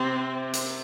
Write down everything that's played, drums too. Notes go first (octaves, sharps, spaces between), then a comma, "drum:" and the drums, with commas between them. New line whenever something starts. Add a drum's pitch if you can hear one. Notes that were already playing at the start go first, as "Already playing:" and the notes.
Already playing: C3 C4
drum: hi-hat